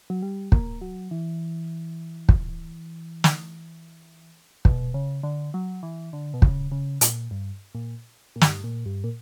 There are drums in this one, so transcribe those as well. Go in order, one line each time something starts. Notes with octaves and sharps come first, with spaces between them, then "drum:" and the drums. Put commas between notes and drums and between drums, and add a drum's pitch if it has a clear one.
F#3
G3
A#3, drum: kick
F#3
E3
drum: kick
drum: snare
B2, drum: kick
C#3
D3
F#3
E3
D3
B2
C#3, drum: kick
C#3
A#2, drum: hi-hat
G2
A#2
A#2
G2, drum: snare
A#2
G2
A#2